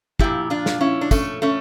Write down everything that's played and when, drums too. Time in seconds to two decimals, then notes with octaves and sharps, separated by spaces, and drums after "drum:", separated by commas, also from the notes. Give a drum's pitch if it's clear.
0.19 A#2 F3 E4 G4, drum: kick
0.50 D4 F4
0.66 drum: snare
0.81 C#4 E4
1.01 D4
1.11 A3 C#4, drum: kick, tambourine
1.42 A3 C#4